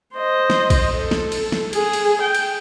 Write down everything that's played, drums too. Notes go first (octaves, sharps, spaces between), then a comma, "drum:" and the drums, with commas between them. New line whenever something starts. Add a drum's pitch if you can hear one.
C5 D#5
drum: snare
drum: kick, cymbal
A4
drum: snare
drum: cymbal
drum: snare
G#4, drum: cymbal
drum: cymbal
G5
drum: cymbal